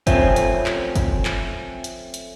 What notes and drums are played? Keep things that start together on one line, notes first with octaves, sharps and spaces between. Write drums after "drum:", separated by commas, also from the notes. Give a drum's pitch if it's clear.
F3 A3 C4 C#4, drum: kick, hi-hat
drum: hi-hat
drum: clap
drum: kick, hi-hat
drum: clap
drum: hi-hat
drum: hi-hat